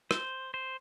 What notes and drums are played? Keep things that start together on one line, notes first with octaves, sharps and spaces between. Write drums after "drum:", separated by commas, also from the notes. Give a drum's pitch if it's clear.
C5, drum: rim click
C5